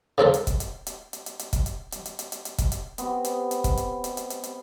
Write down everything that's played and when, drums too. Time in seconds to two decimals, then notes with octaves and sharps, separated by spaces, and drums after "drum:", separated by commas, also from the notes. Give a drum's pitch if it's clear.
0.18 C#3 C4 A4 A#4
0.34 drum: hi-hat
0.47 drum: kick, hi-hat
0.60 drum: hi-hat
0.87 drum: hi-hat
1.13 drum: hi-hat
1.26 drum: hi-hat
1.39 drum: hi-hat
1.53 drum: kick, hi-hat
1.66 drum: hi-hat
1.92 drum: hi-hat
2.06 drum: hi-hat
2.19 drum: hi-hat
2.32 drum: hi-hat
2.45 drum: hi-hat
2.58 drum: kick, hi-hat
2.72 drum: hi-hat
2.98 B3 C4 G4, drum: hi-hat
3.25 drum: hi-hat
3.51 drum: hi-hat
3.64 drum: kick, hi-hat
3.77 drum: hi-hat
4.04 drum: hi-hat
4.17 drum: hi-hat
4.30 drum: hi-hat
4.44 drum: hi-hat